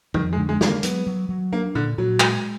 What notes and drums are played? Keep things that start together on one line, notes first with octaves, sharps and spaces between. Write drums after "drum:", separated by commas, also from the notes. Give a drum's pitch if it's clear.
F2 D#3, drum: tom F2
G#3
D3
G#3
G#3, drum: snare
A#3
F#3 B3, drum: hi-hat
F#3
F#3
A#3 D4
A#2 D3
A#2 F#3
G#3, drum: clap